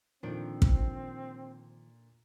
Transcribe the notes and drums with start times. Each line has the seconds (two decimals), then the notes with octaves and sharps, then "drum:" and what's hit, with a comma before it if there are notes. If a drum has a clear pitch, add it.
0.23 A#2 D3 D#3 F3 C4 D4
0.62 drum: kick